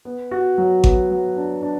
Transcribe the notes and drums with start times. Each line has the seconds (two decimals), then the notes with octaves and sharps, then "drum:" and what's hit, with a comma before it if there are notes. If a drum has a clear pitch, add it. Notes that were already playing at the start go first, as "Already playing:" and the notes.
0.05 B3
0.31 F#4
0.58 F#3
0.84 B3, drum: kick G#1
1.10 F#3
1.36 D4
1.62 D4